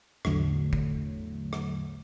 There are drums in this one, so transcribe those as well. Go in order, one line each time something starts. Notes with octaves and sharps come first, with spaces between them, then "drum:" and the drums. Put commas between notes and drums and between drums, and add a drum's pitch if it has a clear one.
A#1 E2 A2 D3 F#3 A3, drum: rim click
drum: kick
drum: rim click